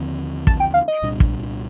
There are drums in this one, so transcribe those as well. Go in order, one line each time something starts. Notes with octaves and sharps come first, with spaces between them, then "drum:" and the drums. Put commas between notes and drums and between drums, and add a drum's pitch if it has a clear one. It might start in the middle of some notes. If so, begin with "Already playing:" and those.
Already playing: D#2 D3 F3 C4
A5, drum: kick
G5
F5
D#5
C2 A#2 G3 D4
drum: kick